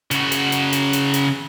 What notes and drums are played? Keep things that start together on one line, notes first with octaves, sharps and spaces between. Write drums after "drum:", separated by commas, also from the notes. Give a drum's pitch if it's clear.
C#3 F#4, drum: hi-hat
drum: hi-hat
drum: hi-hat
drum: hi-hat
drum: hi-hat
drum: hi-hat